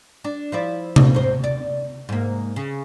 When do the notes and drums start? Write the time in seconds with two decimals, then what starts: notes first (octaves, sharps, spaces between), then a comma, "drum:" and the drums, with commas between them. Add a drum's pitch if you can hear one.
0.24 D4
0.52 F3 E4 D5
0.96 drum: tom C3
1.14 G#2 C5
1.44 D5
2.09 G#2 A#3
2.56 C#3